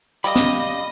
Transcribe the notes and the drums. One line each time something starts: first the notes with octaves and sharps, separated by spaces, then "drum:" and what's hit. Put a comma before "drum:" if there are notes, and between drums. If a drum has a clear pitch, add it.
G3 D#5 F5 B5 D#6
drum: snare